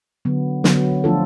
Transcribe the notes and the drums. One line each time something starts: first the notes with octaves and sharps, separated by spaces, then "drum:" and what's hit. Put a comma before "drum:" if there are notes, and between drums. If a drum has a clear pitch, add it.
D3 F#3 B3
D3 F#3 B3, drum: snare
F3 A3 D4 F4 A4